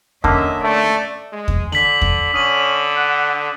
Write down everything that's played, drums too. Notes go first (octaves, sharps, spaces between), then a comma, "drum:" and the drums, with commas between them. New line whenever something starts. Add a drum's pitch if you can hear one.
D3 A#3 C#4 D#5 E5, drum: kick E2
A3 D5
G#3
drum: kick E2
D3 B6 F#7, drum: snare
drum: kick E2
D3 C#4 D#6 D#7 F#7
F#5